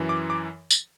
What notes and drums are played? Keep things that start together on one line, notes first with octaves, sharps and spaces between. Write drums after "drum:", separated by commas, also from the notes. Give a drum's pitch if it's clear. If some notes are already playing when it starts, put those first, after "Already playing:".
Already playing: F#2 E3
D6
D6
drum: tambourine